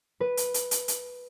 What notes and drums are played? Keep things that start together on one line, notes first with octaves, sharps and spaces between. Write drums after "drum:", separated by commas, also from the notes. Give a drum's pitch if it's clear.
B4
drum: hi-hat
drum: hi-hat
drum: hi-hat
drum: hi-hat